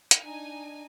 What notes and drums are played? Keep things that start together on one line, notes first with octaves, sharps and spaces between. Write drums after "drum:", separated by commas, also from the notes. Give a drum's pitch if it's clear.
drum: hi-hat
D4 D#4 G#5